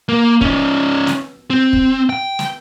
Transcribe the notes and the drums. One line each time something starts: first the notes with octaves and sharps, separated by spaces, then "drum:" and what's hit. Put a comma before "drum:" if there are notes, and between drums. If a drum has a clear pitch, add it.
A#3
C#4 D#4, drum: kick
drum: snare
C4
drum: kick
G5
drum: snare